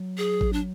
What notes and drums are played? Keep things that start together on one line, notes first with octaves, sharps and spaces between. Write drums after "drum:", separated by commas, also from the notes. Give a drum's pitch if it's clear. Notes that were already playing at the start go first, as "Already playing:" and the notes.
Already playing: F#3
G#4
drum: kick G#1
D4